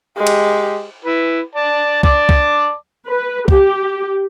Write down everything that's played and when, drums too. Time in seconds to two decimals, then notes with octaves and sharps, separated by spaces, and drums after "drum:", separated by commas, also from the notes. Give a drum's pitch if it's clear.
0.17 G#3 G4
0.27 drum: cymbal
1.05 E4 B4
1.55 D5 A5
2.03 D5 A5 D6, drum: kick C2
2.29 drum: kick C2
3.08 B4
3.48 G4, drum: kick C2